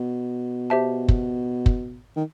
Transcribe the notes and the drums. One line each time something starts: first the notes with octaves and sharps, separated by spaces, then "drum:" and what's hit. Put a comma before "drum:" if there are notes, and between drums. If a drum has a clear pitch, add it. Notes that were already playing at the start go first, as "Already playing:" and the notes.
Already playing: B2
G4 C5 E5 A5
drum: kick
drum: kick
D#3